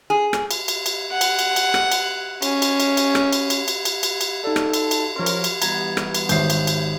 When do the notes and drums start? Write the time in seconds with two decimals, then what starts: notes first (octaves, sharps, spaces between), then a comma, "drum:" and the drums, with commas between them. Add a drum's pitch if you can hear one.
0.10 G#4
0.33 drum: rim click
0.51 drum: cymbal
0.68 drum: cymbal
0.86 drum: cymbal
1.12 F#5
1.21 drum: cymbal
1.39 drum: cymbal
1.56 drum: cymbal
1.74 drum: rim click
1.92 drum: cymbal
2.42 C#4, drum: cymbal
2.62 drum: cymbal
2.80 drum: cymbal
2.97 drum: cymbal
3.15 drum: rim click
3.33 drum: cymbal
3.50 drum: cymbal
3.68 drum: cymbal
3.85 drum: cymbal
4.03 drum: cymbal
4.21 drum: cymbal
4.44 D#4 A4 D5
4.56 drum: rim click
4.74 drum: cymbal
4.91 drum: cymbal
5.16 F3 C#4 A#4 C#5 C6
5.26 drum: cymbal
5.44 drum: cymbal
5.62 E3 G3 B3 A#5 B5 G#6, drum: cymbal
5.97 drum: rim click
6.14 drum: cymbal
6.29 G#1 C#5 E5 G6 C7, drum: cymbal
6.50 drum: cymbal
6.67 drum: cymbal